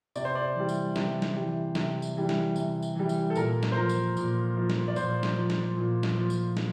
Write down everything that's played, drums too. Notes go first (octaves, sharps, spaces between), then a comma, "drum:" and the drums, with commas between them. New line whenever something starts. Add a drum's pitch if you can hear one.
C3 D5, drum: tambourine
C5
D5
E3 G3
drum: tambourine
C3, drum: snare
drum: snare
E3 G3
C3, drum: snare
drum: tambourine
E3 G3
drum: snare
C3, drum: tambourine
drum: tambourine
E3 G3
drum: tambourine
A4
A#2 A#4, drum: tambourine
drum: snare
C5
F3 A#4
drum: tambourine
A#2, drum: tambourine
F3
drum: snare
D5
A#2 C5, drum: tambourine
drum: snare
F3
drum: snare
A#2
drum: snare
F3
drum: tambourine
drum: snare